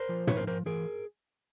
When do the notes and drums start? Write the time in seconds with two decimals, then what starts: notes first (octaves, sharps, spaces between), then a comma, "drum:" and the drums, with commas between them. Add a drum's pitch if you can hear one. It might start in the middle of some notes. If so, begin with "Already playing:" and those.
Already playing: A#4 C5
0.09 F3
0.27 A#2 B4 C#5, drum: tom
0.37 A#4 C5
0.47 F3 A#4 C5
0.66 E3 G#4 A#4